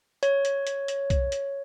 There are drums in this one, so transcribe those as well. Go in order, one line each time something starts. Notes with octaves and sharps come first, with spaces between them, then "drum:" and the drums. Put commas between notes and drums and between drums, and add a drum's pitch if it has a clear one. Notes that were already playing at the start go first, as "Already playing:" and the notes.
C#5, drum: hi-hat
drum: hi-hat
drum: hi-hat
drum: hi-hat
drum: kick B1, hi-hat
drum: hi-hat